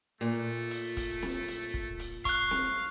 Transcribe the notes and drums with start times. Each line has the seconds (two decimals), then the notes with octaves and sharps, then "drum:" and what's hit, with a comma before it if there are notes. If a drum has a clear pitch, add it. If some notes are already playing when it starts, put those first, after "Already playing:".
0.21 A#2 A3
0.71 drum: hi-hat
0.97 drum: kick, hi-hat
1.23 drum: snare C4
1.48 drum: hi-hat
1.74 drum: kick
2.00 drum: hi-hat
2.25 F5 C#6 F#6, drum: kick, hi-hat
2.51 drum: snare C4